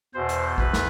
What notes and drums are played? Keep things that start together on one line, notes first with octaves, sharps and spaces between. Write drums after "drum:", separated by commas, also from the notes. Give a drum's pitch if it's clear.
E2 B2 C5
drum: hi-hat
E2 B4, drum: kick A1
drum: snare